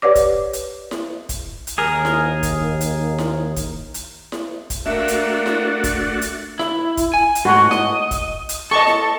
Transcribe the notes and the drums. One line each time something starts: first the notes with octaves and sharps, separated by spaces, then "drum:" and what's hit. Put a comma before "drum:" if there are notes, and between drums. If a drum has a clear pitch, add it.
G4 B4 C#5 D5 D6
drum: kick, hi-hat
drum: hi-hat
drum: snare E4
drum: kick, hi-hat
drum: hi-hat
D#2 G#4 A#4
drum: snare E4
drum: kick, hi-hat
drum: hi-hat
drum: snare E4
drum: kick, hi-hat
drum: hi-hat
drum: snare E4
drum: kick, hi-hat
A3 A#3 D4 F#4 E5
drum: hi-hat
drum: snare E4
drum: kick, hi-hat
drum: hi-hat
E4, drum: snare E4
drum: kick, hi-hat
G#5
drum: hi-hat
G#2 A3 F#4
D#5, drum: snare E4
drum: kick, hi-hat
drum: hi-hat
A4 D#5 A5 C#6
drum: snare E4